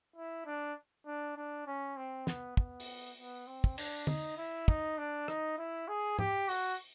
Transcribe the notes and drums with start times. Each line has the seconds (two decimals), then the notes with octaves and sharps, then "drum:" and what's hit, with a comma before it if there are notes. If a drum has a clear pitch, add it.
0.16 E4
0.46 D4
1.06 D4
1.36 D4
1.67 C#4
1.97 C4
2.27 B3, drum: snare
2.57 B3, drum: kick
2.80 drum: open hi-hat
3.17 B3
3.47 C4
3.64 drum: kick
3.78 D4, drum: cymbal
4.07 D#4, drum: tom D3
4.38 E4
4.68 D#4, drum: kick
4.98 D4
5.28 D#4, drum: rim click
5.58 E4
5.88 G#4
6.19 G4, drum: tom G#2
6.48 F#4, drum: open hi-hat